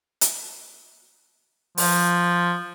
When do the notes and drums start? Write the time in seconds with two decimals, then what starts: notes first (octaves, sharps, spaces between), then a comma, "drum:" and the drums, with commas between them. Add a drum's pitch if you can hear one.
0.21 drum: hi-hat
1.78 F3, drum: open hi-hat